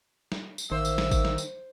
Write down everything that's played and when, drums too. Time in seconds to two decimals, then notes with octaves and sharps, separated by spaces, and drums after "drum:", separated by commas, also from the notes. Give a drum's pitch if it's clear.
0.32 drum: snare
0.58 drum: tambourine
0.72 A1 D#3 A#3 C5 E5 E6
0.85 drum: tambourine
0.98 drum: snare
1.11 drum: kick, tambourine
1.25 drum: snare
1.38 drum: tambourine